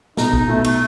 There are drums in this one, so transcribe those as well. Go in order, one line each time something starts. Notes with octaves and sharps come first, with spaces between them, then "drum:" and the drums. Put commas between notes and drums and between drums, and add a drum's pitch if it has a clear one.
B2 D#4, drum: snare
D#4, drum: kick
B2 A3
A3, drum: cymbal